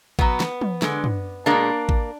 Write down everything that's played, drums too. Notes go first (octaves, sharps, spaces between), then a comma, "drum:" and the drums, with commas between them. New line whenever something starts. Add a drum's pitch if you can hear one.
B2 F#3 B3, drum: kick A1
drum: snare
drum: tom
D3 G#3, drum: snare
drum: tom
B2 G#3 A#3 D4
drum: kick A1